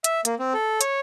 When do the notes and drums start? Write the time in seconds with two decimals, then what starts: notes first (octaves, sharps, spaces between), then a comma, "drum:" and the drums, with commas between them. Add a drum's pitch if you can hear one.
0.04 E5, drum: hi-hat
0.25 A#3, drum: hi-hat
0.39 C4
0.54 A4
0.81 C#5, drum: hi-hat